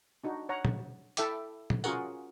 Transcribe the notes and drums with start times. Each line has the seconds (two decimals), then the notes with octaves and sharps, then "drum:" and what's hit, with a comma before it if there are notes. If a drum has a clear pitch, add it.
0.24 D4 D#4 F#4
0.49 C#5 F#5 A#5
0.65 drum: tom A#2
1.17 E4 A4 E5 G5 D6, drum: hi-hat
1.70 drum: tom A#2
1.84 C#4 F4 F#4 G#4 A#4 F#5, drum: tambourine